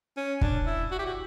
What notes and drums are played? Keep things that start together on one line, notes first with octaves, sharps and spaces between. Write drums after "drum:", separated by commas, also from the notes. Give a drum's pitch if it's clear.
C#4
D4, drum: kick
E4
F#4
G4
F#4